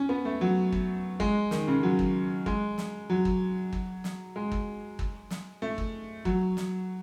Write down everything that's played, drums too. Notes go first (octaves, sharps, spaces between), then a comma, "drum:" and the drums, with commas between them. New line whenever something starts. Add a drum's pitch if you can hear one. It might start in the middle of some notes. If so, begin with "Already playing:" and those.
Already playing: C#4
B3
A3
F#3
drum: kick
G#3, drum: kick
D#3, drum: snare
C#3
F#3
drum: kick
G#3, drum: kick
drum: snare
F#3
drum: kick
drum: kick
drum: snare
G#3
drum: kick
drum: kick
drum: snare
A3
drum: kick
F#3, drum: kick
drum: snare